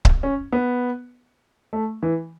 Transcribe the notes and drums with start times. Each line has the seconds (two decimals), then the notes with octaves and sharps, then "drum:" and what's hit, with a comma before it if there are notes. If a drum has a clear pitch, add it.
0.05 drum: kick C#1
0.23 C#4
0.52 B3
1.73 A3
2.03 E3